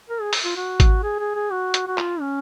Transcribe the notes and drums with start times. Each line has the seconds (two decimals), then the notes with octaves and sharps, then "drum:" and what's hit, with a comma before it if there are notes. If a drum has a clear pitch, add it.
0.09 A#4
0.21 G#4
0.33 drum: open hi-hat
0.44 F4
0.57 F#4
0.80 drum: kick G#1, hi-hat
1.03 G#4
1.19 G#4
1.35 G#4
1.51 F#4
1.74 drum: hi-hat
1.87 F#4
1.98 F4, drum: clap
2.21 C#4